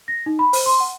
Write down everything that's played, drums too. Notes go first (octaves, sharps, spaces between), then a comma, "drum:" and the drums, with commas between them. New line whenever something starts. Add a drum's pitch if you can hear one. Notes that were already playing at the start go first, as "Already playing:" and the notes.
A#6
D#4
B5
C5, drum: open hi-hat
C6
F#5